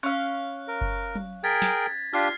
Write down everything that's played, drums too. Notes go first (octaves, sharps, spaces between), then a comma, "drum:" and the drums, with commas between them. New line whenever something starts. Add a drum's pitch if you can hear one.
C#4 F5 F#6
A#4
drum: kick F#1
drum: tom F#3
G#4 A#4 G5 G#6 A6 B6
drum: snare
D4 F4 G4 F6 C7, drum: open hi-hat